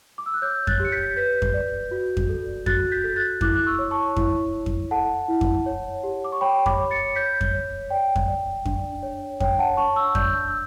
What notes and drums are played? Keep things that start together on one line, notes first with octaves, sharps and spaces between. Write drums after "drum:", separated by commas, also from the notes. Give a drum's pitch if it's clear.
D6
E6
F#6
C#5 E6 G6
F#6 A6, drum: kick F2
G4 C#7
G6 B6
B4 G6 B6
drum: kick F2
D5
F#4
drum: kick F2
A4
F#4 F#6 A6, drum: kick F2
G6 B6
A4
F#6 A6
E4 D6 F#6, drum: kick F2
F#6
C#6 E6
C#5
A5 C#6
E4, drum: kick F2
E4
drum: kick F2
A4 F#5 A5
E4
drum: kick F2
C#5
G4
D6
C#6
C#5 G5 B5
B5 D6, drum: kick F2
C#5
A6 C#7
C#7
C#5 G6 B6
drum: kick F2
C#5
D5 G5
drum: kick F2
D5
D4, drum: kick F2
C#5
C#5 G5, drum: kick F2
F#5 A5
D4 A5 C#6
C#6 E6
D5 E6 G6, drum: kick F2
E6